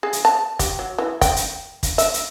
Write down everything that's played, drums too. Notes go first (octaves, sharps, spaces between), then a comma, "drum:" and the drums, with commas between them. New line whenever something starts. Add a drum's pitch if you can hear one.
G#4
drum: hi-hat
A5
G4, drum: kick, hi-hat
F#3
E3
G5, drum: kick, hi-hat
drum: hi-hat
drum: kick, hi-hat
E5, drum: hi-hat
drum: hi-hat